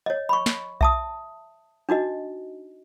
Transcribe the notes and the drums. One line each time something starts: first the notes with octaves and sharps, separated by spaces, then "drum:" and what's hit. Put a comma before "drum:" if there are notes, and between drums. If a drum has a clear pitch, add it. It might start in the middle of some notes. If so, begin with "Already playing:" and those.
C#5 D#5
B5 C#6
drum: snare
E5 A5 D#6, drum: kick B1
D4 D#4 F#4 D#5